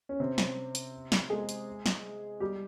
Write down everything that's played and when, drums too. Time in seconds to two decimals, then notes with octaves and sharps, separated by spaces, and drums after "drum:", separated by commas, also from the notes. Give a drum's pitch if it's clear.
0.09 C#4
0.20 C3 C4
0.38 drum: snare
0.75 drum: hi-hat
1.12 drum: snare
1.30 G#3 G#4
1.49 drum: hi-hat
1.86 drum: snare
2.40 G3 G4